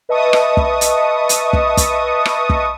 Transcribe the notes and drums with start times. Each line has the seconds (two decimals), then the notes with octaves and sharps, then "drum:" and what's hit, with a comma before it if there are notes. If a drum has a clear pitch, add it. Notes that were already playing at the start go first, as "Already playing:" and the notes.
0.09 B4 D#5 E5 A5 C#6 D#6
0.33 drum: rim click
0.57 drum: kick
0.81 drum: hi-hat
1.29 drum: hi-hat
1.53 drum: kick
1.77 drum: kick, hi-hat
2.25 drum: rim click
2.50 drum: kick